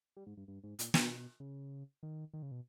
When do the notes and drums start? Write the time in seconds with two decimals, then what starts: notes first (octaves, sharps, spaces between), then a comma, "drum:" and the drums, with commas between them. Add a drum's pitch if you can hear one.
0.17 G3
0.27 G#2
0.37 G2
0.48 G2
0.64 G#2
0.79 A#2, drum: hi-hat
0.94 B2, drum: snare
1.40 C#3
2.03 D#3
2.34 D#3
2.42 C#3
2.51 B2